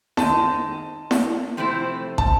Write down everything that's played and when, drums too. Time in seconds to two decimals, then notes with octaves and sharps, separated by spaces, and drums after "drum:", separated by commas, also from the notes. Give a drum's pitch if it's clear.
0.17 D#3 G#3 C4 D#4 A5, drum: snare E4
1.11 drum: snare E4
1.57 C3 F3 A3 C4 E4
2.18 A5, drum: kick